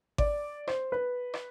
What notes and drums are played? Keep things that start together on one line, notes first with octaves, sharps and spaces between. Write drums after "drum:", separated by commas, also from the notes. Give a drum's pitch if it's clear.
D5, drum: kick G#1
C5, drum: rim click
B4
drum: rim click